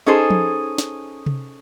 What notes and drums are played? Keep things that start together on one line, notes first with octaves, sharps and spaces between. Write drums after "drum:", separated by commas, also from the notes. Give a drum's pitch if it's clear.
C#4 D#4 G#4 A4 C5
drum: tom F3
drum: snare
drum: tom C3